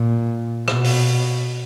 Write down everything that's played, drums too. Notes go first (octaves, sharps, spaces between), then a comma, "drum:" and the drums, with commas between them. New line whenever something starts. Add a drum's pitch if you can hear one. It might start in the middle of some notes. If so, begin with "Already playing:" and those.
Already playing: A#2
B2, drum: rim click
drum: open hi-hat